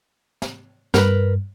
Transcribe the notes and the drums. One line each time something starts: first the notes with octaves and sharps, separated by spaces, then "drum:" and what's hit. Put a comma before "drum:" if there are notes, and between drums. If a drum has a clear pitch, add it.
drum: snare
G2 A#4 B4, drum: snare